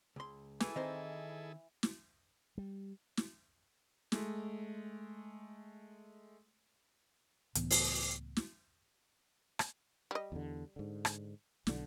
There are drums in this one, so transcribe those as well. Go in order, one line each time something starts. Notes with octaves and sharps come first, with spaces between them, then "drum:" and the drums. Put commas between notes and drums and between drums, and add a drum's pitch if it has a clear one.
C#2 C6
E3 E4 G#4 A4, drum: snare
D#3 C4 C5 D#5
drum: snare
G3
drum: snare
G#3 A3, drum: snare
C#2 A2 E3 B3, drum: hi-hat
drum: open hi-hat
drum: snare
drum: rim click
G3 D#5
E2 D3
G#2 D3
drum: rim click
B1 D3, drum: snare